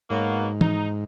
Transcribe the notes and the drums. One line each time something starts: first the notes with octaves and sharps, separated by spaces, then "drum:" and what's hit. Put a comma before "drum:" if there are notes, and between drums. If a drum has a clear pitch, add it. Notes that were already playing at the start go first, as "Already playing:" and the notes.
G#2 B2 F#3 A#3
D#4, drum: tom